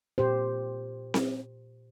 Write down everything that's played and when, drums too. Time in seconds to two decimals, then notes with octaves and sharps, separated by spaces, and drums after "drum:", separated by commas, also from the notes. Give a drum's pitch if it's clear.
0.18 A#2 G4 C5
1.14 drum: snare C4